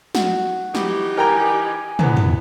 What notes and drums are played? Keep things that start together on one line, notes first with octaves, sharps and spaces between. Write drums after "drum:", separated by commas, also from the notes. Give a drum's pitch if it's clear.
F#4, drum: snare
E3 D#4 G4, drum: snare
A#4 G5 G#5 A#5
E2 B3, drum: tom
drum: tom